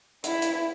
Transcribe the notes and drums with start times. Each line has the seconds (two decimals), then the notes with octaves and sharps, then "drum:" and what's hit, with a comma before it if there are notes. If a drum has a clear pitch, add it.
0.24 E4, drum: hi-hat
0.42 drum: hi-hat